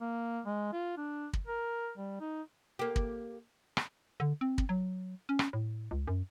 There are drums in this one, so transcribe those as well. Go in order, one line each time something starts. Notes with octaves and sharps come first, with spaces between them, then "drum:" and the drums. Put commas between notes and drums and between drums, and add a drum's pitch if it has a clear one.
A#3
G#3
F4
D4
drum: kick
A#4
G3
D#4
A#3 G4
drum: kick
drum: rim click
D3
C4
drum: kick
F#3
C#4
drum: rim click
A2
C#2
F#2